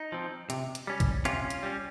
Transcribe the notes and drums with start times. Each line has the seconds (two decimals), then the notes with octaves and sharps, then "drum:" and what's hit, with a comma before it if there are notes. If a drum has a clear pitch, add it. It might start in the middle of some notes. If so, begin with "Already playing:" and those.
Already playing: D#4
0.12 F3 C4
0.50 C3, drum: hi-hat
0.75 drum: hi-hat
0.87 G3 C#4
1.00 drum: kick, hi-hat
1.25 C3 C#4 F4, drum: hi-hat
1.50 drum: hi-hat
1.63 G3 C#4